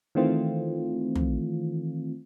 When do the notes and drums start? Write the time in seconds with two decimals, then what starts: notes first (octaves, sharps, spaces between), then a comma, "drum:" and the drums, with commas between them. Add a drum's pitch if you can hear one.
0.15 D#3 E3 A3 C4 F4
1.16 drum: tom